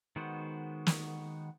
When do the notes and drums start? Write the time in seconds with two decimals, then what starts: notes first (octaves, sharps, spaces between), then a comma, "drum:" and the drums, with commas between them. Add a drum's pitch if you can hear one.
0.16 D#3 G#3 B3 F#4 C5
0.87 drum: snare